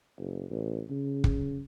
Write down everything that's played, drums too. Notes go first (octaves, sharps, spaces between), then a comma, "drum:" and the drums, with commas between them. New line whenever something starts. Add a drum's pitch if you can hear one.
F#1
A1
C#3
drum: kick